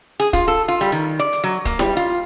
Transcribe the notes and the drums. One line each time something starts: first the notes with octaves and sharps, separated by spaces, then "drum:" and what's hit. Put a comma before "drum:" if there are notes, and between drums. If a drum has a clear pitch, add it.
G#4, drum: hi-hat
F4, drum: kick, hi-hat
A4
F4
G3, drum: hi-hat
D#3
D5
drum: hi-hat
F#3
A#3, drum: kick, hi-hat
G3, drum: snare E4
F4